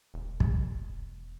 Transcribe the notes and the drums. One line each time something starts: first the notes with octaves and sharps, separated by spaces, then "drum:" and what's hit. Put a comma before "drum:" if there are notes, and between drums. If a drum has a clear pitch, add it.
E1
drum: kick